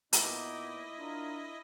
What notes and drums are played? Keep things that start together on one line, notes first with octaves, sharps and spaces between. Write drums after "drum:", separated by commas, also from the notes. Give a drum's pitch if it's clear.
A#2 B3 D#4 E4 D#5 D6, drum: hi-hat
D4 F4 A#4